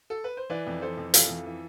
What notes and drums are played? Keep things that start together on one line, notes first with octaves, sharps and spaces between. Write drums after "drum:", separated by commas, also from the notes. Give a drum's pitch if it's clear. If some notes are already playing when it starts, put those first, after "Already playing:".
A4
B4
C5
E3 B4 D5
F2
E3 A4 C5
F2
E3 F4 A4, drum: hi-hat
F2
E3